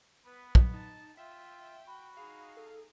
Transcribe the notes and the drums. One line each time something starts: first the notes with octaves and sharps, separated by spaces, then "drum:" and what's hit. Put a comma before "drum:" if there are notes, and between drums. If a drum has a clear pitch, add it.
B3 B4
drum: kick
D#4 A5
F4 E5 G5
F#4 B5
D#4 G#4 F5
A4